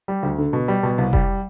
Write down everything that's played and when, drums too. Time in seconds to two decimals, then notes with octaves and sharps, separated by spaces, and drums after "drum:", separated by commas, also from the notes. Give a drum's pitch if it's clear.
0.08 G3
0.23 D2
0.38 D3
0.53 B2
0.68 G3
0.83 B2
0.98 C2
1.13 G3, drum: kick F1